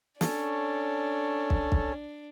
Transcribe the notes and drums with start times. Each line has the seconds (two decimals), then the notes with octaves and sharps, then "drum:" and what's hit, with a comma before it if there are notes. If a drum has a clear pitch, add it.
0.21 C#4 D4 A4 C#5, drum: snare
1.50 drum: kick
1.72 drum: kick